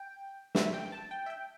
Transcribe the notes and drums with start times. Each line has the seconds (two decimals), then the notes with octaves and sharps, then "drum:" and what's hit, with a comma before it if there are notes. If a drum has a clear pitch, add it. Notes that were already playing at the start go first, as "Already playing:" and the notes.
Already playing: G5
0.55 E5, drum: snare
0.74 G5
0.92 A5
1.11 G5
1.26 E5
1.30 G5